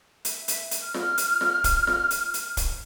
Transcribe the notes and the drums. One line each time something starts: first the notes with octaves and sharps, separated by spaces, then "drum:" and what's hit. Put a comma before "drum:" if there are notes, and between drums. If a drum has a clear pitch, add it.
E5, drum: hi-hat
drum: hi-hat
drum: hi-hat
F6
drum: snare F4
drum: hi-hat
drum: snare F4
drum: kick, hi-hat
drum: snare F4
drum: hi-hat
drum: hi-hat
drum: kick, hi-hat